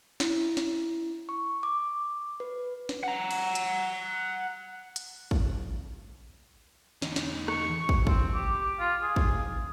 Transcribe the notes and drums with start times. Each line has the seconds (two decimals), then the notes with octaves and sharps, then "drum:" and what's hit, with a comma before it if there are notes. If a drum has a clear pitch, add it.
0.20 E4, drum: snare
0.57 drum: snare
1.29 C#6
1.63 D6
2.40 B4
2.89 drum: snare
3.03 F#5 A#5
3.31 drum: cymbal
3.55 drum: hi-hat
4.96 drum: hi-hat
5.31 drum: kick
7.02 E2 D#4, drum: snare
7.16 drum: snare
7.48 C#6, drum: rim click
7.89 drum: kick
8.07 C4, drum: kick
8.34 G4
8.79 F4
9.02 G#4
9.16 drum: kick